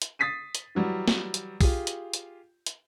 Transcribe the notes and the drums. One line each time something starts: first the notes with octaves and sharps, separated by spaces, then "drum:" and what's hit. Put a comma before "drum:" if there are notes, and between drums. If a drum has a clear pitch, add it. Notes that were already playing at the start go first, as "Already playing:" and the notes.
drum: hi-hat
D#6 A6 B6 C7 D#7
drum: hi-hat
E3 F#3 G3
drum: snare
drum: hi-hat
F4 G4 G#4, drum: kick, open hi-hat
drum: hi-hat
drum: hi-hat
drum: hi-hat